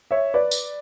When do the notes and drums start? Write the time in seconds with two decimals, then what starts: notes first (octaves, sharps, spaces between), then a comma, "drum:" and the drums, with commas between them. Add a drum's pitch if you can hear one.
0.11 C#5 E5
0.34 B4 D5
0.51 drum: tambourine